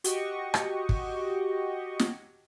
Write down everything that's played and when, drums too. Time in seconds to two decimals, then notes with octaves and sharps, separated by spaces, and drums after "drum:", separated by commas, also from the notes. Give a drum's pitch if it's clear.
0.04 F#4 G4 D#5 C#6, drum: hi-hat
0.54 drum: rim click
0.89 drum: kick
1.99 drum: snare